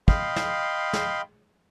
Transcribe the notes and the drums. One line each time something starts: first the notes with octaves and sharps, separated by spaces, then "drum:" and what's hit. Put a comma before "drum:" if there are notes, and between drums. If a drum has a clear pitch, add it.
D#5 F5 G5 B5 C6, drum: kick
drum: snare
drum: snare